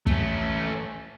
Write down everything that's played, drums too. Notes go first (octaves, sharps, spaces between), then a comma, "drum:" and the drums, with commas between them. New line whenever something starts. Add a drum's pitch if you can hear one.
A3 C#4, drum: kick